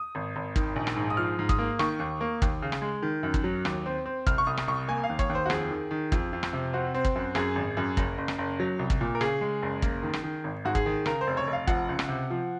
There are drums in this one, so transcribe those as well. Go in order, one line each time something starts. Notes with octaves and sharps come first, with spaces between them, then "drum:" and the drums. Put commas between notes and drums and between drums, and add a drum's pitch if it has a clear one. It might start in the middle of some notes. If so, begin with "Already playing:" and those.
Already playing: D#6
G#1
G#1
D#3, drum: kick
A#1
drum: rim click
G#2
D#6
F3 F6
G#2
D#6, drum: kick
A#3
D#3 C#6, drum: rim click
D#2
A#3
D#2, drum: kick
C#3
drum: rim click
G#3
D#3
F#2
drum: kick
F#3
D#2, drum: rim click
C4
C4
C2 F6, drum: kick
C#6
C2 D#6
drum: rim click
C2 C#6
A#3 G#5
F5
D#2
C#5, drum: kick
D#2
C5
F#4
F2 G#4, drum: rim click
D#3
D#3
F2, drum: kick
F2
drum: rim click
C3
C4 F#4
C4
drum: kick
F#2
F#2 G#4, drum: rim click
G#1
F#2
F#1, drum: kick
F#1
drum: rim click
F#1
F#3
C2
drum: kick
A#2
A#4
C#3 G#4, drum: rim click
G#3
F#1
A#3, drum: kick
D#3
drum: rim click
D#3
G#1
G#2 F#4
G#4, drum: kick
D#3
C#3 A#4, drum: rim click
C5
F1
C#5
F1
F5
F3 F#5, drum: kick
C#2
drum: rim click
C3
F3